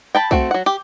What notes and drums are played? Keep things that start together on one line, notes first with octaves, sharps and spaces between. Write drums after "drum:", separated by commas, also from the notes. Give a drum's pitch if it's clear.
G5 A5 B5
A3 C4 F#4, drum: kick B1
F#3 F#5
G4